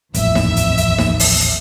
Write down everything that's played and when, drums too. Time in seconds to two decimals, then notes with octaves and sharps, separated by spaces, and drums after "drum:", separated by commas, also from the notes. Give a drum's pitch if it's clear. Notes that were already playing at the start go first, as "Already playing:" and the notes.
0.14 D#1 A1 F2 A2 E5, drum: hi-hat
0.35 drum: snare D#4
0.56 drum: hi-hat
0.77 drum: hi-hat
0.99 drum: snare D#4
1.20 drum: open hi-hat
1.41 drum: hi-hat